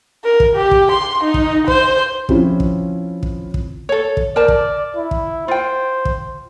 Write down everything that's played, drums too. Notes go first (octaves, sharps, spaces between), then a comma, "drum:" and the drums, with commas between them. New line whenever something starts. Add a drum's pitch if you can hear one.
A#4
drum: kick
G4
drum: kick
C6
D#4
drum: kick
C5, drum: kick
F3 C4 C#4 E4 F4, drum: kick
drum: kick
drum: kick
drum: kick
A4 C#5
drum: kick
A#4 C5 D5 A5
drum: kick
E4
drum: kick
F4 C5 G5
drum: kick